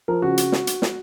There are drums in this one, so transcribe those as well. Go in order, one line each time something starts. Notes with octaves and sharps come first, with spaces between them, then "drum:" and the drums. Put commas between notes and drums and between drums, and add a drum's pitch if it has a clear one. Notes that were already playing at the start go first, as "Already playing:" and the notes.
F3 A#4
C#3 F#4
drum: hi-hat
drum: snare
drum: hi-hat
drum: snare